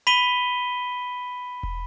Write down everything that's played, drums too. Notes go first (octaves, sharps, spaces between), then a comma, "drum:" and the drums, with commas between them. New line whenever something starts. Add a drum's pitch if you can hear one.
B5 B6 D#7 G7
drum: kick E1